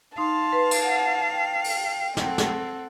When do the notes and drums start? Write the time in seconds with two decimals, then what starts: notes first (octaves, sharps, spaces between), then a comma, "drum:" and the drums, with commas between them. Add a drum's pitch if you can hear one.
0.18 D#4 F5 A5 C6
0.53 B4
0.71 drum: cymbal
0.83 F#5
1.32 G5
1.64 drum: open hi-hat
2.17 C4 A4 F#5, drum: snare
2.38 drum: snare